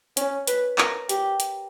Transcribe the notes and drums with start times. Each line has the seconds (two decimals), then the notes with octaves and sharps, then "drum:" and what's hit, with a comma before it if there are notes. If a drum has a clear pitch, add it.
0.17 C#4, drum: hi-hat
0.47 B4, drum: hi-hat
0.78 A#4, drum: clap
1.09 G4, drum: hi-hat
1.40 drum: hi-hat